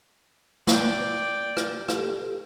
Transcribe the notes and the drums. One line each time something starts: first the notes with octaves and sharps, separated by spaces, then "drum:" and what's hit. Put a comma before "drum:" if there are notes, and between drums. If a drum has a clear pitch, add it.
D5 G5, drum: snare
drum: rim click
G4 A4, drum: rim click